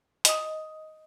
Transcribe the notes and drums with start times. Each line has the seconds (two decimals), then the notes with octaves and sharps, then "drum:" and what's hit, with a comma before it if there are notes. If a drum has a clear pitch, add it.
0.25 D#5 D#6, drum: hi-hat